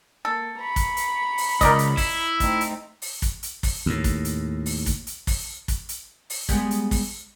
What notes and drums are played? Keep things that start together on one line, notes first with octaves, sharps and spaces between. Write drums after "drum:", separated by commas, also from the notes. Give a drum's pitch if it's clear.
A#3 A4
A#5 B5 C#6
drum: kick, hi-hat
drum: hi-hat
drum: open hi-hat
C#2 A#4 D5 D#5, drum: kick, hi-hat
drum: hi-hat
E4, drum: kick, open hi-hat
A3 C4 D#4, drum: kick, hi-hat
drum: hi-hat
drum: open hi-hat
drum: kick, hi-hat
drum: hi-hat
drum: kick, open hi-hat
D#2 A2
drum: kick, hi-hat
drum: hi-hat
drum: open hi-hat
drum: kick, hi-hat
drum: hi-hat
drum: kick, open hi-hat
drum: kick, hi-hat
drum: hi-hat
drum: open hi-hat
G3 G#3 B3, drum: kick, hi-hat
drum: hi-hat
drum: kick, open hi-hat